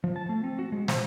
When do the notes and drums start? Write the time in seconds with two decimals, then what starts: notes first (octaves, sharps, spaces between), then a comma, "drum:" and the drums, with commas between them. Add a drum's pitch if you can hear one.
0.04 F3
0.16 A5
0.29 A3
0.44 C4
0.59 F#4
0.72 G#3
0.88 C5, drum: snare